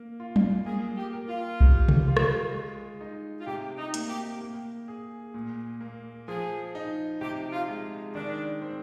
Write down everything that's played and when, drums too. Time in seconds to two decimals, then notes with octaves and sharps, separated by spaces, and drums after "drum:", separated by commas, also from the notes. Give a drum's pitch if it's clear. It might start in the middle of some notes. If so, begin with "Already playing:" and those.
Already playing: A#3
0.20 F4
0.36 drum: tom
0.66 A#3 G#4
0.97 G4
1.13 A#4
1.29 F4
1.61 G3, drum: kick B1
1.88 drum: tom C3
2.07 F4
2.17 drum: rim click
2.54 G#3
3.01 D#4
3.41 F4
3.47 C3 G4
3.78 D#4
3.94 A#3, drum: hi-hat
4.10 G4
4.41 A#3
4.88 G#4
5.34 A#2
5.81 A#3
6.28 F3 G#4
6.75 D#4
7.21 C3 G4
7.53 F4
7.69 G#3
8.15 D#3 D4
8.62 C4